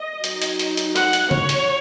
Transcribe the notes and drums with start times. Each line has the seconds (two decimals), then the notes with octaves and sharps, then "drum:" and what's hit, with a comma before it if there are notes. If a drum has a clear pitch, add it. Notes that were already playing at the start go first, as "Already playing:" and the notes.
Already playing: D#5
0.24 F#3 D#4, drum: hi-hat
0.42 drum: hi-hat
0.59 drum: hi-hat
0.77 drum: hi-hat
0.96 F#5, drum: hi-hat
1.13 drum: hi-hat
1.31 C#5, drum: tom
1.49 drum: hi-hat